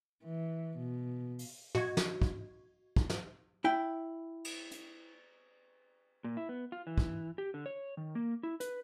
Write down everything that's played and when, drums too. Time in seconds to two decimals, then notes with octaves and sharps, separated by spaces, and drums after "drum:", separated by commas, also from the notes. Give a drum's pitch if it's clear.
0.24 E3
0.78 B2
1.39 drum: open hi-hat
1.75 F#4 D#5 C#6 G#6, drum: tom
1.97 drum: snare
2.22 drum: kick
2.96 drum: kick
3.10 drum: snare
3.64 E4 G5
4.45 drum: cymbal
4.71 drum: hi-hat
6.24 A#2
6.37 E4
6.49 B3
6.72 F4
6.87 E3
6.98 drum: kick
7.38 G4
7.54 D3
7.66 C#5
7.97 D#3
8.15 A#3
8.43 E4
8.60 B4, drum: hi-hat